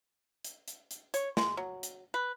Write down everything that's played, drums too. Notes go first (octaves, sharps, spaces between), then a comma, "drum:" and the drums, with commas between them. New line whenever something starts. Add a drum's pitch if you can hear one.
drum: hi-hat
drum: hi-hat
drum: hi-hat
C#5, drum: hi-hat
G#3, drum: snare
F#3
drum: hi-hat
B4